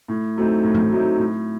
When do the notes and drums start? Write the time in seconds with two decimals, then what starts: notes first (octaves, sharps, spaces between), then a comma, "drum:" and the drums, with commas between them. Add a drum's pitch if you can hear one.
0.08 A2
0.36 F#3 A3 C4 D#4
0.63 A2
0.74 drum: tom G#2
0.91 F#3 A3 C4 D#4
1.19 A2